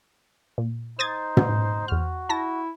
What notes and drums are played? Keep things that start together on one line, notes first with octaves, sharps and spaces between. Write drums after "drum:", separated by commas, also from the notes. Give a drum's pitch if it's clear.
A#2
D#4 C5 D#6 G#6 A6
drum: tom
E2 F#4 F6
E4 A5 A#6